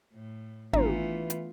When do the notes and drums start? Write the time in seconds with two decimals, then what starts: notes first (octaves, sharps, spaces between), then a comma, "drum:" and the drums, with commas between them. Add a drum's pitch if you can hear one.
0.13 A2
0.73 G#1 E3 A3 B3 D4 F4, drum: tom
1.30 drum: hi-hat